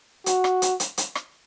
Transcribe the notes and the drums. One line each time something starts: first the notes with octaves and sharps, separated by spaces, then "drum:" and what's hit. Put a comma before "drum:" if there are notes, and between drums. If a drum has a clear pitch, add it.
F#4, drum: hi-hat
drum: rim click
drum: hi-hat
drum: hi-hat
drum: hi-hat
drum: rim click